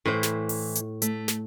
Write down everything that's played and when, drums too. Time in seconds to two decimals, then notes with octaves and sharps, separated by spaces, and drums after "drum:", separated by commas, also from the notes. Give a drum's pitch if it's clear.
0.06 A2 E3 E4 C5
0.23 drum: snare
0.49 drum: open hi-hat
0.75 drum: hi-hat
1.02 A3, drum: hi-hat
1.28 drum: snare